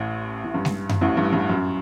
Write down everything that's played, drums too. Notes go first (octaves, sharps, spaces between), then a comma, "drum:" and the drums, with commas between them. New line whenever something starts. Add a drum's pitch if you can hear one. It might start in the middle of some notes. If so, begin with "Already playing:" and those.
Already playing: A1 A2
A2
G2
drum: snare G#3
drum: tom F#2
A1 A2
G2
G2
F#2